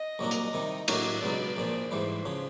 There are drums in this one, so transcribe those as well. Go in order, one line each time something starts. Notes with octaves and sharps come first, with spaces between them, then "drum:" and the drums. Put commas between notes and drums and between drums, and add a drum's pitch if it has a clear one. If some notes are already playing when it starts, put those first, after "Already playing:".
Already playing: D#5
C2 A#2 F#3 A#3 D4
drum: hi-hat
C3 D#3 G3
A2 F#3 A#3 D4 F#4 D#5, drum: cymbal
C#2 B2 F#3 B3 D5
A#1 A#2 F3
G#2 E3 G3 C5
C#3 F3